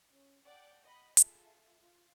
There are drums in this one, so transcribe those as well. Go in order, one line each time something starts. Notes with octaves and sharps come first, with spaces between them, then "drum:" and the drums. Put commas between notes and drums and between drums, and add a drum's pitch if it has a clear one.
C#4
A4 D5 F#5 G5
D#5 F#5 B5
F4 G#4 A4 E5, drum: hi-hat
F4